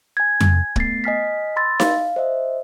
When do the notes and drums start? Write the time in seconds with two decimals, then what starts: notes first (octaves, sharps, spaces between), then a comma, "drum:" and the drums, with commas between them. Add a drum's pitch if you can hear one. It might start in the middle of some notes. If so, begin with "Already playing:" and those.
0.17 G#5 G#6
0.41 drum: tom F2
0.76 A3 B3 A6 C7, drum: kick
1.04 D#5 G#5 F6 B6
1.56 B5 C6 E6 A6 A#6
1.80 F5, drum: snare D#4
2.16 C5 D#5 E5